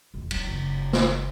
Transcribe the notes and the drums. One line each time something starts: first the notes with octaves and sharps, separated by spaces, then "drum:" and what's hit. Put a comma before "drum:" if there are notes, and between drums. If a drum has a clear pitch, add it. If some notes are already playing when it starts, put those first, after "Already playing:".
E1
F#3, drum: cymbal
F#1
drum: snare